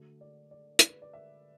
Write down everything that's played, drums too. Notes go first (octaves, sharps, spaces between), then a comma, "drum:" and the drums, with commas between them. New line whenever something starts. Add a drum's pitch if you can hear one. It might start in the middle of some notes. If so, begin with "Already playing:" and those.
Already playing: D3 A3 F#4
D5
D5
drum: hi-hat
B4
D5
E5